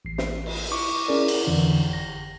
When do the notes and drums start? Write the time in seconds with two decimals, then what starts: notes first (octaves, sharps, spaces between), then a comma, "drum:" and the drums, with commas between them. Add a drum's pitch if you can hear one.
0.05 A1 C7
0.18 drum: snare
0.46 drum: cymbal
0.72 E4 C#6 D6
1.08 C#4 E4 G#4 A#4 D5
1.28 drum: cymbal
1.47 F2 D3 E3
1.90 G1 A#6